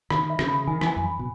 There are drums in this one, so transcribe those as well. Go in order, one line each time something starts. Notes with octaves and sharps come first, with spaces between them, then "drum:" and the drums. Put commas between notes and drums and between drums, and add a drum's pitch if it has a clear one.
D#3 B5, drum: rim click
E5
C#3, drum: rim click
B5
D#3 G#5
E3, drum: rim click
G#5
F#2
B5
B2